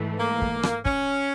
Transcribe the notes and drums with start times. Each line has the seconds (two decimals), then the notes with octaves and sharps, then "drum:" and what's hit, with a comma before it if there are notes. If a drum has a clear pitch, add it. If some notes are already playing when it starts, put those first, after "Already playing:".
Already playing: G#2 E3 A3
0.20 A#3
0.42 drum: kick
0.63 drum: rim click
0.85 C#4, drum: kick